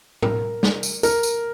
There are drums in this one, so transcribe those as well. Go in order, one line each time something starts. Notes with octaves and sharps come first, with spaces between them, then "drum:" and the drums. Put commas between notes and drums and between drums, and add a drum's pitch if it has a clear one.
A#4, drum: tom A2
drum: snare
drum: tambourine
A#4, drum: tambourine
drum: tambourine